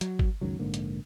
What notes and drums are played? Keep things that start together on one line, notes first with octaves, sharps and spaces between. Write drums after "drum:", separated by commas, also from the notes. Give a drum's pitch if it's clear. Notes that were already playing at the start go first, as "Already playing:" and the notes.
F#3, drum: hi-hat
drum: kick
C#2 F#2 D#3 F#3
A#1 G#2 D3 A#3
drum: hi-hat